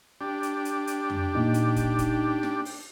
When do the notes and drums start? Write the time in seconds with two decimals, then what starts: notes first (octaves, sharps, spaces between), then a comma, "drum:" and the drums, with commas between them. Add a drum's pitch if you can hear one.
0.21 D4 G4
0.43 drum: hi-hat
0.65 drum: hi-hat
0.87 drum: hi-hat
1.10 drum: tom F2
1.35 A#2 D#4
1.54 drum: hi-hat
1.76 drum: kick, hi-hat
1.99 drum: kick, hi-hat
2.43 drum: snare
2.65 drum: open hi-hat